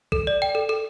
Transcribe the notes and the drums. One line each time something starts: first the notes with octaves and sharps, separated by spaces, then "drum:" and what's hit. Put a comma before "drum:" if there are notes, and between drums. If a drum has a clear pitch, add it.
A4, drum: kick A#1
D5
G5
A4
A4